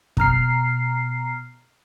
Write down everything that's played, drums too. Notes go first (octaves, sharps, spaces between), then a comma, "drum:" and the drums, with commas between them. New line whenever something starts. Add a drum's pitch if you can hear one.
B2 A#5 F6 C7, drum: kick F2